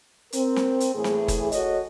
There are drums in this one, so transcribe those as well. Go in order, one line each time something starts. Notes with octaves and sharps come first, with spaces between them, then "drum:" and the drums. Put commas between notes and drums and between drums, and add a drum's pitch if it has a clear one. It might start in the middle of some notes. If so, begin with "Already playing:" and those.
C4 A#4, drum: hi-hat
drum: snare
drum: hi-hat
A2 E3 A3 G#4
drum: snare
drum: kick, hi-hat
F#4 A4 C#5 D#5, drum: hi-hat